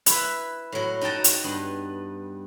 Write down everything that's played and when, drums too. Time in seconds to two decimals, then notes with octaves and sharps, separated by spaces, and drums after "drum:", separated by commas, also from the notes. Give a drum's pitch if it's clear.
0.06 E4 B4, drum: hi-hat
0.72 A2 F#3
1.01 D#4 F#4 G5 A5 A#5
1.24 drum: hi-hat
1.44 G2 B3